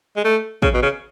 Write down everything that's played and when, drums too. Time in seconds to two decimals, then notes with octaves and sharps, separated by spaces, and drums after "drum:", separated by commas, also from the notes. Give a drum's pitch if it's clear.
0.17 G#3
0.24 A3
0.62 C#3, drum: kick
0.74 B2
0.82 C#3